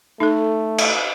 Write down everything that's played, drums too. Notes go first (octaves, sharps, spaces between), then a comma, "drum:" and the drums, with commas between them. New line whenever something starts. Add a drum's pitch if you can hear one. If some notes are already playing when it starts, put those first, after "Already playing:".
A3 D#4 A4
drum: cymbal